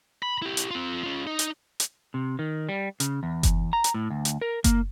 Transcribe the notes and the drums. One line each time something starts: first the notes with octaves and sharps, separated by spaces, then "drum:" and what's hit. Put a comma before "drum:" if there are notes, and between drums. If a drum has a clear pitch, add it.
B5
E4 G4
drum: hi-hat
C4 F4
C#4 F4
D#4
drum: hi-hat
drum: hi-hat
C3
D#3
G3
C#3, drum: hi-hat
E2
drum: kick F#1, hi-hat
A#5
drum: hi-hat
A2
D2
drum: hi-hat
A#4
A#3, drum: kick F#1, hi-hat